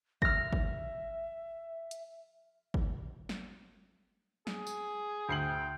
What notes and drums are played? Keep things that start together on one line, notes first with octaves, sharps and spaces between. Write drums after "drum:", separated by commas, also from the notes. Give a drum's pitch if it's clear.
E5 F6 A#6, drum: kick G1
drum: kick G1
drum: hi-hat
drum: kick G1
drum: snare
G#4, drum: snare
drum: tambourine
D2 G5 C7 F#7